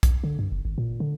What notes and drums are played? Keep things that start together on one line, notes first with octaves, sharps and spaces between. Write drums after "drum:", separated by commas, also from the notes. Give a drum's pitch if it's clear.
drum: kick, hi-hat
D3
G2
F#1
G#1
A#2
D3